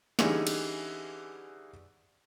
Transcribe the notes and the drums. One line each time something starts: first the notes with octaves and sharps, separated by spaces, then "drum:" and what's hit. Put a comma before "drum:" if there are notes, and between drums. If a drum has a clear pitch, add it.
D3 E3 G3 C#4 D#4 G#4, drum: snare
drum: cymbal